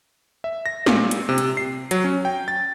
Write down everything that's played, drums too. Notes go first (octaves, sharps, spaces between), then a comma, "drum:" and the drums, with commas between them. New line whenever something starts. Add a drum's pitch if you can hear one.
E5
A#6
A#2, drum: snare
drum: hi-hat
C3
drum: hi-hat
C7
F#3, drum: hi-hat
C#4
G5
A6